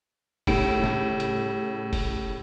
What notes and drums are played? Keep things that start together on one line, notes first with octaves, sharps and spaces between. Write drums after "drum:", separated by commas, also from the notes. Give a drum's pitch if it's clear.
A2 C#3 G3 A4 D7, drum: kick F1, open hi-hat
drum: snare
drum: hi-hat
drum: kick F1, open hi-hat